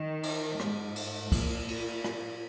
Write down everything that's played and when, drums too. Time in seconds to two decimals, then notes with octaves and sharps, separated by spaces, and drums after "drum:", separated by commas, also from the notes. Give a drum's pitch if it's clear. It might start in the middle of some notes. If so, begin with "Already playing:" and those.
Already playing: D#3
0.23 drum: cymbal
0.60 G#2, drum: rim click
0.96 drum: cymbal
1.32 A#2, drum: kick, cymbal
1.68 A#2, drum: cymbal
2.04 drum: rim click